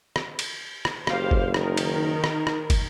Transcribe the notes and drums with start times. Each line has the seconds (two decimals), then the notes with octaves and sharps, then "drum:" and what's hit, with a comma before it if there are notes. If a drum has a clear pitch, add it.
0.16 drum: rim click
0.39 drum: cymbal
0.85 drum: rim click
1.07 F#1 G4 C5 F5, drum: rim click
1.31 drum: kick
1.54 D#3 D#4 A#4, drum: rim click
1.77 drum: cymbal
2.24 drum: rim click
2.47 drum: rim click
2.70 drum: kick, cymbal